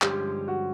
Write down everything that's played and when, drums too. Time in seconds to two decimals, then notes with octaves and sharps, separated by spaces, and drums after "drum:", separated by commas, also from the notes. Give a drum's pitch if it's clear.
0.02 G2 D3 F3 G#3 C#4 G4, drum: clap
0.48 F#4